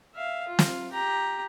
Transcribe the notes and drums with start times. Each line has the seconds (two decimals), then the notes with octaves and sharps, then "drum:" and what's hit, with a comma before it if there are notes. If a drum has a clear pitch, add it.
0.15 E5 F5
0.48 F4
0.59 drum: snare
0.92 G4 A#5